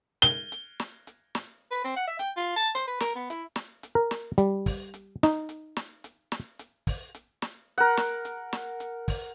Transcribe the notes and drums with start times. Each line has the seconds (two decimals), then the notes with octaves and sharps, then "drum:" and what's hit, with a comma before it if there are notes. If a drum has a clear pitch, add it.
0.22 G7
0.52 drum: hi-hat
0.80 drum: snare
1.07 drum: hi-hat
1.35 drum: snare
1.71 B4
1.84 C4
1.96 F#5
2.07 E5
2.19 G5, drum: hi-hat
2.37 F4
2.56 A5
2.75 C5, drum: hi-hat
2.87 B4
3.00 A#4, drum: snare
3.15 B3
3.30 E4, drum: hi-hat
3.56 drum: snare
3.83 drum: hi-hat
3.95 A#4
4.11 drum: snare
4.38 G3, drum: hi-hat
4.66 drum: kick, open hi-hat
4.94 drum: hi-hat
5.23 D#4, drum: snare
5.49 drum: hi-hat
5.76 drum: snare
6.04 drum: hi-hat
6.32 drum: snare
6.59 drum: hi-hat
6.87 drum: kick, open hi-hat
7.15 drum: hi-hat
7.42 drum: snare
7.78 A#4 F#5
7.97 drum: snare
8.25 drum: hi-hat
8.53 drum: snare
8.80 drum: hi-hat
9.08 drum: kick, open hi-hat